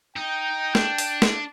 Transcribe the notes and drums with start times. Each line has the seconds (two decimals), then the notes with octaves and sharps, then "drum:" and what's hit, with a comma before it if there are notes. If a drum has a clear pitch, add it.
0.16 D#4 G5
0.75 D4, drum: snare
0.98 drum: open hi-hat
1.22 drum: snare